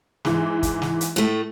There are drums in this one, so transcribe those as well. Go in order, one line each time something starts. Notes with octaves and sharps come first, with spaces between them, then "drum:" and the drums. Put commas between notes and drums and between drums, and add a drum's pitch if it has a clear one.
G#2 E3, drum: snare
drum: kick, hi-hat
drum: snare
drum: hi-hat
A2 A3